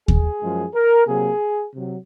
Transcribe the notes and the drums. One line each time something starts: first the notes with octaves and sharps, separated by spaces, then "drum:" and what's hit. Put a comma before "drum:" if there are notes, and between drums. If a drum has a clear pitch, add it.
G#4, drum: kick D#2
F#2 F3 G#3
A#4
C3 F#3 A#3 G#4
C3 F#3